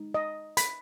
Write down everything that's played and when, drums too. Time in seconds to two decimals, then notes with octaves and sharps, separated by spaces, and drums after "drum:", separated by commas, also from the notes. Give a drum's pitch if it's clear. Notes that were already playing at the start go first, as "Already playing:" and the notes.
Already playing: G#3 D#4
0.14 D#5
0.57 B5, drum: hi-hat